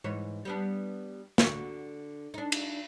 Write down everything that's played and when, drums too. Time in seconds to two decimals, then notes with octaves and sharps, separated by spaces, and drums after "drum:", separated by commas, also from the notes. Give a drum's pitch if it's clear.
0.04 G#2 E3 C#5
0.45 G3 B3 D4
1.38 D3 F#4, drum: snare
2.34 D4 D#4
2.52 drum: cymbal